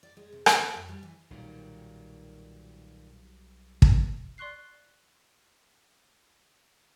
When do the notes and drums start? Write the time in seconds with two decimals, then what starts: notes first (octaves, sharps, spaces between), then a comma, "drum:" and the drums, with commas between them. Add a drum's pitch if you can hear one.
0.03 D5
0.17 G#3
0.32 C3
0.46 D#3, drum: rim click
0.59 D#3
0.75 F#2
0.89 G3
1.03 E3
1.31 B1 A#2 D#3 F#3 G3
3.82 drum: kick
4.38 D5 C6 C#6 F#6 C7